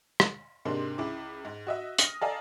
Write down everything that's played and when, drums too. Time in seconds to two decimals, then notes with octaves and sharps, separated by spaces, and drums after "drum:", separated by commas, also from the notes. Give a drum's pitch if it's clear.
0.20 drum: rim click
0.65 G#2 C3 A#3 D4 C6
0.98 C#2 E4 D6
1.45 G#2
1.67 F#4 D#5 E5
1.98 D#6 F6 A#6, drum: hi-hat
2.21 A4 D5 D#5 F5 G#5 A#5